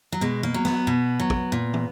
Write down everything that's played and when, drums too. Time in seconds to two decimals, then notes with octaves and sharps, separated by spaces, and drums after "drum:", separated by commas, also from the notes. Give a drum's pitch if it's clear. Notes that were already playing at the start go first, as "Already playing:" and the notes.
0.12 F#3
0.21 B2 G#3
0.43 A#3
0.54 F#3
0.65 B3, drum: snare
0.87 B2
1.20 F#3
1.30 drum: kick
1.52 A#2
1.74 drum: tom